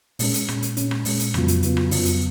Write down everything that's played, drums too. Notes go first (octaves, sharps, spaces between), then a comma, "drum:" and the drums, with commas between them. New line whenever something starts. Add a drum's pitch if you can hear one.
A#2 G#3 C#4, drum: open hi-hat
drum: hi-hat
A#2 G#3 C#4, drum: rim click
drum: hi-hat
A#2 G#3 C#4, drum: hi-hat
drum: rim click
A#2 G#3 C#4, drum: open hi-hat
drum: hi-hat
F2 C#3 F#3 B3 F4, drum: rim click
drum: hi-hat
F2 C#3 F#3 B3 F4, drum: hi-hat
drum: rim click
F2 C#3 F#3 B3 F4, drum: open hi-hat
drum: hi-hat